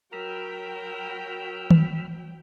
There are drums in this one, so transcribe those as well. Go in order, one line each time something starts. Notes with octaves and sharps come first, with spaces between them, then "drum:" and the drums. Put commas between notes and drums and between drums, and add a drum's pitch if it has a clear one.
F#3 A#4 G5 B5 E6 F6
drum: tom D#3